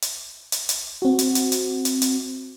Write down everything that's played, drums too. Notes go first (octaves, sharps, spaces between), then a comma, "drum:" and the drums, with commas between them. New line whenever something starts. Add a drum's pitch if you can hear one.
drum: hi-hat
drum: hi-hat
drum: hi-hat
C4 F#4
drum: hi-hat
drum: hi-hat
drum: hi-hat
drum: hi-hat
drum: hi-hat